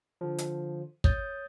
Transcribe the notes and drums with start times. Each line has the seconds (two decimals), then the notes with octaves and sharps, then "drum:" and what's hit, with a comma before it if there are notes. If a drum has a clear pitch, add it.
0.21 D3 F3
0.38 drum: hi-hat
1.04 C#5 D#6 G6 A6, drum: kick